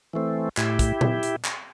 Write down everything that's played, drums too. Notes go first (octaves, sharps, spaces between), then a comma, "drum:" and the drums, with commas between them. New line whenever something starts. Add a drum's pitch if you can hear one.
E3 A3 C4
A2 E4 G4, drum: clap
drum: kick, hi-hat
drum: tom A#2
drum: hi-hat
drum: clap